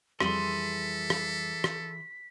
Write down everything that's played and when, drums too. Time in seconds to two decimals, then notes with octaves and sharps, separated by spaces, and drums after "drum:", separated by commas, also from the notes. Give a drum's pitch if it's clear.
0.21 F2 E3 G3 G#4 A4 C6 B6, drum: rim click
1.10 drum: rim click
1.64 drum: rim click